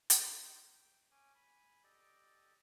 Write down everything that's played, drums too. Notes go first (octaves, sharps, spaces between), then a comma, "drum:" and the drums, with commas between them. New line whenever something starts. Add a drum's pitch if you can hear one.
drum: hi-hat
C4 D#4 G4
G5
C#4 G#5 D6
G#5 B5
G4 A4 D5 D#5 D6